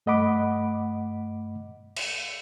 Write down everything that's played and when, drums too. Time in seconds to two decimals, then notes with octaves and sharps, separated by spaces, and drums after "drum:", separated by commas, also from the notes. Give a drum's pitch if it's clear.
0.06 G2 A3 D#5 F#5 B5 D6
1.96 drum: cymbal